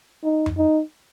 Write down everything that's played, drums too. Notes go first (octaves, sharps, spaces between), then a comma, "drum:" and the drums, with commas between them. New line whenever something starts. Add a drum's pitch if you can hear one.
D#4
drum: tom F2
D#4